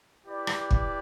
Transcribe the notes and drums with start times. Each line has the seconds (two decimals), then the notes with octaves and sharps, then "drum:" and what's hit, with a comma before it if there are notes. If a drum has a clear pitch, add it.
0.24 E4 G4 B4 D5
0.47 drum: rim click
0.71 drum: kick